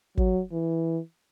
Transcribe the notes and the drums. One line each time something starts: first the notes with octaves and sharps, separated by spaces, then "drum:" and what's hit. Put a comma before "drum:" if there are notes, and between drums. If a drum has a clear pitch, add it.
F#3, drum: kick
E3